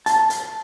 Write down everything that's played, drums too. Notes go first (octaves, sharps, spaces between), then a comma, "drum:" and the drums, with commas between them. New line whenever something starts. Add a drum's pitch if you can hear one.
A5, drum: hi-hat
drum: hi-hat